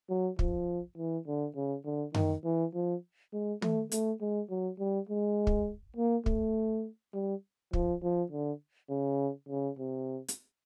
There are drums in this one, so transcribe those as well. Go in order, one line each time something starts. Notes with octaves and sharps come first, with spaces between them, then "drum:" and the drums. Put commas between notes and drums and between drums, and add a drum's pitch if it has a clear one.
F#3
F3, drum: kick
E3
D3
C#3
D3
D#3, drum: tom F#2
E3
F3
G#3
A3, drum: tom
A3, drum: hi-hat
G#3
F#3
G3
G#3
drum: kick
A#3
A3, drum: kick
G3
F3, drum: kick
F3
D3
C#3
C#3
C3
drum: hi-hat